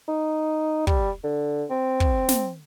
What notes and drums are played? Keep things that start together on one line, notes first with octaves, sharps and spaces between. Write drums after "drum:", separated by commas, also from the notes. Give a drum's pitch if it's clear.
D#4
G3, drum: kick
D3
C4
drum: kick
drum: snare